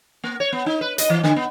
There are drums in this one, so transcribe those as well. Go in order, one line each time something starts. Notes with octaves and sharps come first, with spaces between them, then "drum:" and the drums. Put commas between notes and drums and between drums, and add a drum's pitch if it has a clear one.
A#3
C#5
B3
D#4
B4
D#5, drum: hi-hat
E3
D3, drum: snare
B3